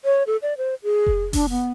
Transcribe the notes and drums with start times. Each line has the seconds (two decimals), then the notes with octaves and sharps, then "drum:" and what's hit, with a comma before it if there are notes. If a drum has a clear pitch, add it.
0.05 C#5
0.27 A4
0.42 D5
0.57 C5
0.83 G#4
1.07 drum: kick F1
1.33 D4, drum: kick F1, open hi-hat
1.50 B3